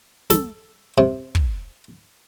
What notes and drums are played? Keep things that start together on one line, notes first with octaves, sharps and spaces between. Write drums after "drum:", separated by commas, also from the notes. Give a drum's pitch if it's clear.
A4, drum: snare
C3
drum: kick